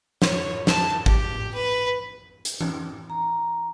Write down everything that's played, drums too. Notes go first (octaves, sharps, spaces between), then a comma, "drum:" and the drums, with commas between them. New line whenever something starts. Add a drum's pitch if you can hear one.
C#5, drum: snare
A5, drum: snare
G4, drum: kick
B4
drum: hi-hat
drum: tom E3
A#5